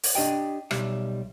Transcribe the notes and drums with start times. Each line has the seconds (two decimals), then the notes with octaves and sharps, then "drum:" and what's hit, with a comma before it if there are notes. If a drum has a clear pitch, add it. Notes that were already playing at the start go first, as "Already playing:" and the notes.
0.03 drum: open hi-hat
0.15 D4 G4 D#5 G5
0.71 B1 G3 E5, drum: rim click